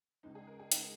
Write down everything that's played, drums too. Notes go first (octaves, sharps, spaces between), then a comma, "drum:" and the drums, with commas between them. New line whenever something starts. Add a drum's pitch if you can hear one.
C#2 C#3 G#3 D#4
G#4
A#4
G#4
C#3 G#3 D#4, drum: hi-hat